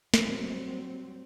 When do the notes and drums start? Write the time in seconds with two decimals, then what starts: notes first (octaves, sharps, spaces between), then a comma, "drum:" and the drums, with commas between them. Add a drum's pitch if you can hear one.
0.14 F#3 G3 C4, drum: snare